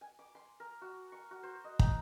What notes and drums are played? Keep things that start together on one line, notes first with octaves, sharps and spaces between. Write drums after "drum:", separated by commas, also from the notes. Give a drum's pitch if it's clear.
G#5
D6
C6
A#4
F#4
C#6
F#4
C5
D#5
D#4, drum: kick